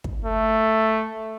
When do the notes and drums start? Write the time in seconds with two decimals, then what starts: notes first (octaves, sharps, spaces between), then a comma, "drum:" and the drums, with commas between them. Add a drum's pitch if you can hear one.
0.04 drum: kick
0.25 A3